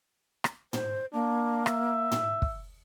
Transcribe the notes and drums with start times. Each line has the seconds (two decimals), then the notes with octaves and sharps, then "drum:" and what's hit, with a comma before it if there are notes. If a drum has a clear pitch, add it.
0.44 drum: rim click
0.73 C5, drum: tom
1.13 A#3 D4
1.66 E5, drum: rim click
2.12 drum: tom
2.42 drum: kick